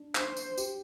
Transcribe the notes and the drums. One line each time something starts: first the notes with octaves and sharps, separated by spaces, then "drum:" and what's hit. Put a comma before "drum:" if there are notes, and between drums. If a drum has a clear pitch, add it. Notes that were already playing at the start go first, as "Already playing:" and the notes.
Already playing: D4
C5, drum: clap
drum: tambourine
G4, drum: tambourine